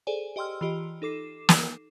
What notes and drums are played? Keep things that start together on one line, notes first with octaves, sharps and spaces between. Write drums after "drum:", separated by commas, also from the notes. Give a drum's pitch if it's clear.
G#4 A4 C5 D5 G#5
G4 D#5 G5 C6 E6 F6
E3 F4 G4 D#5
D#4 A4 D6 C7 E7
drum: snare